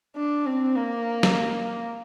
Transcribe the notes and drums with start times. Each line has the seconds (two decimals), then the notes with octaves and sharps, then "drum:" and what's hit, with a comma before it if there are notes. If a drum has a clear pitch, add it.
0.16 D4
0.45 C4
0.76 A#3
1.23 drum: snare